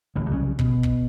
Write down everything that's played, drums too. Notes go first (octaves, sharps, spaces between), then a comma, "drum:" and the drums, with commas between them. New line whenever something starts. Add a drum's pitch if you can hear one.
D1 A1 D3
C2 C#3 F#3 C#4
B2, drum: kick
drum: kick